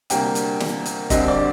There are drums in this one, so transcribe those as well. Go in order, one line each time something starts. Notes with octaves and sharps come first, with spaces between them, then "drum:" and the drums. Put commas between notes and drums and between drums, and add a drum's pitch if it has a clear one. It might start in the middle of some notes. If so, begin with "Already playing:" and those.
D2 C3 G3 A#3 G5, drum: hi-hat
drum: hi-hat
drum: snare
drum: hi-hat
D2 D3 G3 C4 D#5, drum: kick, hi-hat
D5